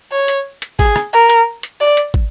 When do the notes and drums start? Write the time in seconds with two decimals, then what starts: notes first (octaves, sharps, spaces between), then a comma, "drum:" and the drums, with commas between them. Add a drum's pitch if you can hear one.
0.12 C#5
0.28 drum: hi-hat
0.62 drum: hi-hat
0.79 G#4, drum: kick
0.96 drum: rim click
1.13 A#4
1.30 drum: hi-hat
1.63 drum: hi-hat
1.81 D5
1.97 drum: hi-hat
2.14 drum: kick